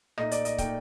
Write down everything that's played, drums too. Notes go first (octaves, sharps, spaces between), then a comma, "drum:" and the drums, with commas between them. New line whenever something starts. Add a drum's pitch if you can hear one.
A#2 A3 D#4 D#5, drum: rim click
D5, drum: hi-hat
D#5, drum: hi-hat
A#2 A3 D#4 G5, drum: kick, hi-hat